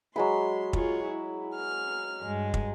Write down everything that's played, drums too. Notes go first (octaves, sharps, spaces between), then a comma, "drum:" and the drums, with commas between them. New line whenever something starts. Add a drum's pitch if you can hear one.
F#3 G#3 B5 C6
F4 G#4 C#5, drum: kick
E4
F6
G2 G#3
drum: kick